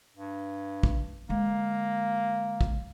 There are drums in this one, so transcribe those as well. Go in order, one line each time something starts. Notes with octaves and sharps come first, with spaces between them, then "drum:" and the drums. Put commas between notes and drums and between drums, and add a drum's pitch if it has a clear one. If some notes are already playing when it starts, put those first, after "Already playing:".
G2
drum: kick
D3 G#3 A#3
drum: kick